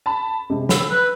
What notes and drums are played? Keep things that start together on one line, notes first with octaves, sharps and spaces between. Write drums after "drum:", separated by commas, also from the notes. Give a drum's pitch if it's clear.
A5 B5
C3 G#3
B5 E6, drum: snare
B4